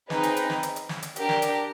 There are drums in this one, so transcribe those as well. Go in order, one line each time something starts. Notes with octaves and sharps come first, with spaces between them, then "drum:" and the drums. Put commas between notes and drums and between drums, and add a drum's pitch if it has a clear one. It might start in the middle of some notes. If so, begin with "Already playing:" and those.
C4 D#4 G#4 B4, drum: snare
drum: hi-hat
drum: hi-hat
drum: snare
drum: hi-hat
drum: hi-hat
drum: snare
drum: hi-hat
D4 G4 A#4, drum: hi-hat
drum: snare
drum: hi-hat